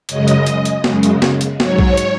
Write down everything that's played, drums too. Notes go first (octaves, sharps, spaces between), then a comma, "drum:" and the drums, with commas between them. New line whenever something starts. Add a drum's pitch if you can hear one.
F#2 C#3 G#3 D#5, drum: hi-hat
drum: hi-hat
drum: hi-hat
drum: hi-hat
F#2 C#3 G#3, drum: snare
drum: hi-hat
drum: snare
drum: hi-hat
G#2 F#3 C#5, drum: snare
drum: kick B1
drum: hi-hat